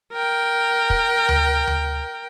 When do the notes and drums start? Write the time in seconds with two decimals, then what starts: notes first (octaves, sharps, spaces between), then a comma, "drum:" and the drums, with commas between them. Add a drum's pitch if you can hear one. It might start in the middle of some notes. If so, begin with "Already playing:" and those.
0.12 A#4 G5
0.90 drum: kick
1.29 drum: tom D2
1.67 drum: tom D2